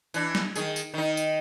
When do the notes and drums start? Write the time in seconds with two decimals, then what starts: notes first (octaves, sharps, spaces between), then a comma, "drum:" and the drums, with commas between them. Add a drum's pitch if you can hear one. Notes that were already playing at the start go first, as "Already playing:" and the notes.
0.14 E3 D4, drum: tambourine
0.35 drum: snare
0.55 D#3 G#4, drum: tambourine
0.76 drum: tambourine
0.94 D#3 D#4
1.17 drum: tambourine